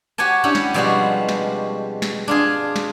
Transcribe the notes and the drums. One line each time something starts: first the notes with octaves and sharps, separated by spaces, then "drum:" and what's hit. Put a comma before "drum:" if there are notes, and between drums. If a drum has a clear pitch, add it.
F#4 G4 C#5 G#5 A5
C#4 D4 E4 G4 F#5
drum: snare
B2 F3 G3 G#3 C4 F#4
drum: snare
drum: snare
D4 F4 G#4
drum: snare